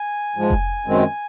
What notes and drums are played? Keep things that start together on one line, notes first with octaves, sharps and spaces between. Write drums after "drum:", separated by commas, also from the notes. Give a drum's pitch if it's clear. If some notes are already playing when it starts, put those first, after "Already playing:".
Already playing: G#5
G#2 F3 G#3
drum: kick F1
F#2 D#3 G#3 C4